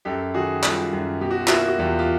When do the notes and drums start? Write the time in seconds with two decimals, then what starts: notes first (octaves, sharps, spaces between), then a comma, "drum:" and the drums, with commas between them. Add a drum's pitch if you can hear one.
0.05 F#2 G4 A4
0.34 D#3 F#4 G#4
0.63 G3 F4 G4, drum: clap
0.93 F#2
1.21 B2 G4
1.31 F#4
1.39 F4
1.47 A#3 E4 F#4, drum: clap
1.68 F#4
1.79 E2 F4 G4
1.99 F4 G4